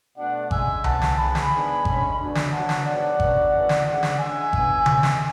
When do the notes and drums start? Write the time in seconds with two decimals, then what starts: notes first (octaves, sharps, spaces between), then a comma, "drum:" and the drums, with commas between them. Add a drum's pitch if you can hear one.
0.17 B2 A3 D4 D5 F#5
0.51 D3 G#3 C#4 E5 G#5, drum: kick G#1
0.84 C#3 E3 A3 C#4 F#5 A5, drum: tom C2
1.01 drum: snare
1.18 G#2 G#3 B3 G#5 B5
1.35 drum: snare
1.52 G#2 G#3 B3 D4
1.85 D3 G#3 C#4, drum: kick G#1
2.19 B2 F#3 A3 D4
2.35 drum: snare
2.51 B2 F#3 B3 D4 F#5 A5
2.69 drum: snare
2.86 G#2 F#3 B3 D4 D5 F#5
3.20 F#2 D3 F#3 B3, drum: kick G#1
3.53 F#2 C#3 E3 A3 C#4
3.69 drum: snare
3.86 G#2 E3 G#3 D4 D5 F#5
4.03 drum: snare
4.19 C#3 G#3 D4 E5 G#5
4.53 D3 F#3 B3, drum: kick G#1
4.86 B2 G#3 C#4, drum: tom C#3
5.03 drum: snare